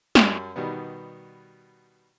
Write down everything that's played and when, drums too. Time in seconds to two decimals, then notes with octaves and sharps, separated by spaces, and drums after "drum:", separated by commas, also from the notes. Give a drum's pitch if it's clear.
0.15 F#2 G3 C#4 C6, drum: snare
0.56 B2 D#3 G3 B3